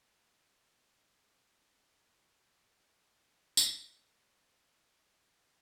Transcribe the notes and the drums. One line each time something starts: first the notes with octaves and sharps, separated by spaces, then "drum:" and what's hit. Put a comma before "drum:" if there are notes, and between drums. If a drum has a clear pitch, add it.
C5
G#4
C#5
F#4
F4
C#6
G6
G#4
C#5
drum: tambourine
C5 F5